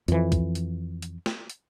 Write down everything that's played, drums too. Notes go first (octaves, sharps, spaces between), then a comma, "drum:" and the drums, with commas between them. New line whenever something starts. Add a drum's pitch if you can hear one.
F2 E3, drum: hi-hat
drum: kick, hi-hat
drum: hi-hat
drum: hi-hat
drum: snare
drum: hi-hat